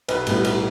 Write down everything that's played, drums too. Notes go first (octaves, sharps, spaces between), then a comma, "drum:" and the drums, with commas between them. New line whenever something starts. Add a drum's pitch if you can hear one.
B1 B4, drum: cymbal
A2 G3 B3, drum: cymbal
B1, drum: cymbal